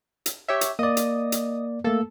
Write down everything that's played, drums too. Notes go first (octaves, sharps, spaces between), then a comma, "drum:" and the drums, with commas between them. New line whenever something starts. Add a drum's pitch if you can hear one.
drum: hi-hat
G4 C#5 E5
drum: hi-hat
A#3 D5 D#5 D#6
drum: hi-hat
drum: hi-hat
A3 A#3 A4